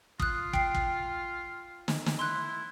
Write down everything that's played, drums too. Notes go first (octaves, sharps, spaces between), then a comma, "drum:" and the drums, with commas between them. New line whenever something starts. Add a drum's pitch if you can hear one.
F4 D#6 F#6, drum: kick
G5 C7, drum: kick
drum: kick
drum: snare
drum: snare
E4 C6 F#6